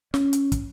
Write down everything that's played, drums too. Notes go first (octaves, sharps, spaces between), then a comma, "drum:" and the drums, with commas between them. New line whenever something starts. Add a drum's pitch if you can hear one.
C#4, drum: snare
drum: hi-hat
drum: kick, hi-hat